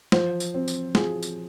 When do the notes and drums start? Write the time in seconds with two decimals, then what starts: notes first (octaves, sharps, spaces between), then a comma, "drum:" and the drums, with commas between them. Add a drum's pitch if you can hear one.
0.12 F3 C5, drum: snare
0.40 drum: tambourine
0.54 C4
0.68 drum: tambourine
0.95 F3 G#4, drum: snare
1.23 drum: tambourine